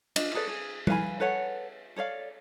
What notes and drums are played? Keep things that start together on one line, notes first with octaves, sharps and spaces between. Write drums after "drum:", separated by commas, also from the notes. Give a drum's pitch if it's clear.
D4 F4 D#5, drum: cymbal
G#4 A4 B4 D5
G#4
B4 F5 G#5 B5, drum: tom G3
A4 B4 C#5 F#5
A4 C#5 D5 F5